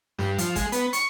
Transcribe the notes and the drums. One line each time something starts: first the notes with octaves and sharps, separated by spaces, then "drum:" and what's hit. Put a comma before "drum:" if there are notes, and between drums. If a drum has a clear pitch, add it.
G2, drum: snare
F3, drum: hi-hat
G#3, drum: kick G1, hi-hat
B3, drum: hi-hat
C#6, drum: hi-hat